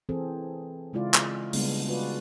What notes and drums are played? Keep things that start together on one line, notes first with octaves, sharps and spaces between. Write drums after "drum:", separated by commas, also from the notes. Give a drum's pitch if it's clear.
E3 C4 G#4 A4
C#3 G#3 E4 F4 D5
drum: clap
C#3 G3 G#3 A#3 B3 D4, drum: open hi-hat
F4 F#4 B4 D5